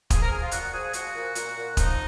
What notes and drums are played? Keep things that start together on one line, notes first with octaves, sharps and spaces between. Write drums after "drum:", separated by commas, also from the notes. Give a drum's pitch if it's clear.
F3 G#4, drum: kick, hi-hat
A#4
F3 G#4
F4
A#2 F#4, drum: hi-hat
F3 G#4
F3 F#4, drum: hi-hat
A#2
A#2, drum: hi-hat
A#2
F3 D#4, drum: kick, hi-hat